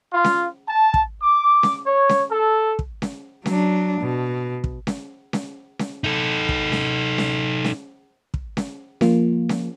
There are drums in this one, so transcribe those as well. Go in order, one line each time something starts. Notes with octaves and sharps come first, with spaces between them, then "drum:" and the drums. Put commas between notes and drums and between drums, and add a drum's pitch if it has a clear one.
F4
drum: snare C#4
A5
drum: kick
D6
drum: snare C#4
C#5
drum: snare C#4
A4
drum: kick
drum: snare C#4
F#3 D4, drum: snare C#4
B2
drum: kick
drum: snare C#4
drum: snare C#4
drum: snare C#4
D#4 A4
drum: kick
drum: snare C#4
drum: snare C#4
drum: snare C#4
drum: kick
drum: snare C#4
F3 A#3 F4, drum: snare C#4
drum: snare C#4